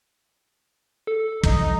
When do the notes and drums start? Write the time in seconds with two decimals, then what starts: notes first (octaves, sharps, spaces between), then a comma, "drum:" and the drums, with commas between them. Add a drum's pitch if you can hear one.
1.07 A4
1.43 F3 G3 D#4, drum: kick